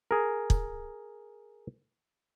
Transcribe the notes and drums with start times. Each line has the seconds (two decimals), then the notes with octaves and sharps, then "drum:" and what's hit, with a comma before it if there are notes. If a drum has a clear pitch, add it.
0.11 G#4 A#4
0.50 drum: kick